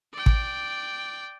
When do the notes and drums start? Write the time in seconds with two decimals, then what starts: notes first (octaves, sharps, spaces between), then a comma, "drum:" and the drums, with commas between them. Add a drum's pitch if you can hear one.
0.13 D5 G5
0.26 drum: kick